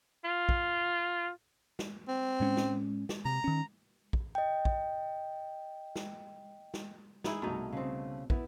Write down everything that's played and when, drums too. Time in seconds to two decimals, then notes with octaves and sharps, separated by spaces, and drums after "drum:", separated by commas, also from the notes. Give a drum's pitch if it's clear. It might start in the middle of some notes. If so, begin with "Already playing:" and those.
0.24 F4
0.49 drum: kick
1.79 drum: snare
2.08 C4
2.40 A2 G#3 C#4
2.57 drum: snare
3.09 drum: snare
3.25 C3 A#5
3.44 D#3 C#4
4.13 drum: kick
4.35 D#5 G5
4.65 drum: kick
5.96 drum: snare
6.74 drum: snare
7.24 D#4 E4 G#4, drum: snare
7.42 C2 B2 A3 D#4
7.73 C#3 C4
8.30 B3 E4 B4, drum: kick